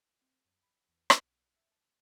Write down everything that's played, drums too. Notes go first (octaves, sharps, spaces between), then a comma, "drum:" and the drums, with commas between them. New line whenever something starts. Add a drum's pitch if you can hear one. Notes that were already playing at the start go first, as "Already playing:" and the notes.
C4
F#2
B5
E2
drum: rim click
B1
E5
A5